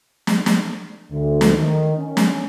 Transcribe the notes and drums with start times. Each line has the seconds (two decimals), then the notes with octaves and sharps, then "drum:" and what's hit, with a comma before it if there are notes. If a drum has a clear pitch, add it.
0.27 drum: snare
0.46 drum: snare
1.11 D2
1.41 drum: snare
1.52 D#3
1.98 C#4
2.17 drum: snare